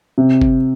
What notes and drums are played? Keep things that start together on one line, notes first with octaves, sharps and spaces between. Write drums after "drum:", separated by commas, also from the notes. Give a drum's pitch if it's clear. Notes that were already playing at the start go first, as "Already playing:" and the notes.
C3
drum: kick G1